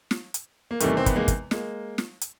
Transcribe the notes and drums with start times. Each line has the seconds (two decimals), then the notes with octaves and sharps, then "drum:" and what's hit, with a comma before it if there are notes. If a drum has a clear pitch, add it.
0.11 drum: snare
0.34 drum: hi-hat
0.71 A#3
0.80 E2 C3 D#3 G3 A3, drum: hi-hat
0.97 C4
1.06 B3, drum: kick, hi-hat
1.16 G#3 A#3
1.28 drum: kick, hi-hat
1.51 G#3 A#3, drum: snare
1.98 drum: snare
2.21 drum: hi-hat